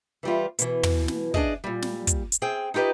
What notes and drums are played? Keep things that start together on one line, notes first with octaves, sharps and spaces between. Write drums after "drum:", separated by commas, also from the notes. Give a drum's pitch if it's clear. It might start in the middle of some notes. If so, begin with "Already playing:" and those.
E3 G3 F4
B2 E3, drum: hi-hat
drum: tom
drum: snare
D4 G#4 D#5, drum: kick
A#2 G3
drum: snare
drum: kick, hi-hat
drum: hi-hat
C4 G#4 G5
D#4 F4 G4 B4 D#5